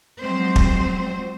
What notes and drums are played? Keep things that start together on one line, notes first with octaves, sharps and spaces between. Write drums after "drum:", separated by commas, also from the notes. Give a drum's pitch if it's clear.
F3 F#3 G#3 C4 C5
drum: kick